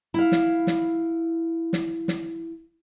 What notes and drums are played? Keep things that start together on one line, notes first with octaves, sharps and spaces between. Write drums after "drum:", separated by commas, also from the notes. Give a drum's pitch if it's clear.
E4 F5
drum: snare
drum: snare
drum: snare
drum: snare